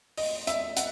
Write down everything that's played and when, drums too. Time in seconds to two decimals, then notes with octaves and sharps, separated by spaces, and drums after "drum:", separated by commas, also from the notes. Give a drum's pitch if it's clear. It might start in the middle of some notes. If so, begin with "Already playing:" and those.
0.18 D#5, drum: open hi-hat
0.47 E5, drum: hi-hat
0.77 F#5, drum: hi-hat